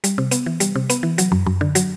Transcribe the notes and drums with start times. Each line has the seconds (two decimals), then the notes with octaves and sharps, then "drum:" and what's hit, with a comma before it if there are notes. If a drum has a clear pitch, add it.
0.04 G3, drum: hi-hat
0.18 C3
0.31 B3, drum: hi-hat
0.46 E3
0.60 G3, drum: hi-hat
0.76 C3
0.90 B3, drum: hi-hat
1.03 E3
1.18 F#3, drum: hi-hat
1.32 F#2
1.46 F#2
1.61 D3
1.75 F#3, drum: hi-hat